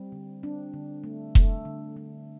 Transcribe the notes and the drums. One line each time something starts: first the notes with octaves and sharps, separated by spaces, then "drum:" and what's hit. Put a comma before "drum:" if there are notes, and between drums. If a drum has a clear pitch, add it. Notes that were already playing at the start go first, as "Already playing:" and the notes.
Already playing: G3 C4
D3
C4 D4
D3
A3
A3, drum: kick F1
D3
A3